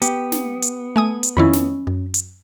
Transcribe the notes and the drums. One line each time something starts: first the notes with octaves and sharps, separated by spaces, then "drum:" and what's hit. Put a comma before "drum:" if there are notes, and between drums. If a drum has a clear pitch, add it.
B3 G4, drum: hi-hat
drum: snare
drum: hi-hat
A3 G#5 D#6
drum: hi-hat
F2 D#3 C#4 E4 C#5 B5
drum: snare
F#2
drum: hi-hat